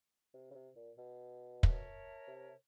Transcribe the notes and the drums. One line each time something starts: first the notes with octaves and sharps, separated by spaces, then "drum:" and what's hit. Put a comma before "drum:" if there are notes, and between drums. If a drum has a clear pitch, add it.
C3
C#3
C3
A#2
B2
A#4 C#5 E5 A5, drum: kick
C3